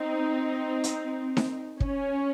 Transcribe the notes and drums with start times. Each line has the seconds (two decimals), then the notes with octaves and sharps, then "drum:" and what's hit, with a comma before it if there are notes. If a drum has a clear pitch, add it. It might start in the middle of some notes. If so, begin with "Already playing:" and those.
Already playing: C4 D#4
0.84 drum: hi-hat
1.37 drum: snare D#4
1.80 C#4, drum: kick